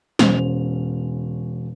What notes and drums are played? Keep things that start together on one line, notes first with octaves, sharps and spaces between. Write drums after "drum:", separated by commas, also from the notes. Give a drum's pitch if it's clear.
E1 C#4 C5 F7, drum: snare